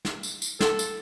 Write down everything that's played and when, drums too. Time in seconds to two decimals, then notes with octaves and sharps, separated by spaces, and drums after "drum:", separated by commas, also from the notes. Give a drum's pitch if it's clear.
0.05 drum: snare
0.23 drum: tambourine
0.42 drum: tambourine
0.60 A4, drum: snare
0.79 drum: tambourine